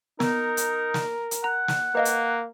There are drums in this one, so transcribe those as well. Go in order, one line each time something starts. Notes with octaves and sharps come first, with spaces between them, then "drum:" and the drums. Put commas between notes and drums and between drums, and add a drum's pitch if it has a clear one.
B3 D#4 A#4, drum: snare
drum: hi-hat
drum: snare
drum: hi-hat
F#5 A#5
drum: snare
A#3 B4 D#5 F5
drum: hi-hat